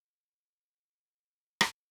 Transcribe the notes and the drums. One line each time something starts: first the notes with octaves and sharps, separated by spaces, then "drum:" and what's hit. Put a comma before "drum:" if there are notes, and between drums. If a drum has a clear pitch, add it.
F4 F5
drum: rim click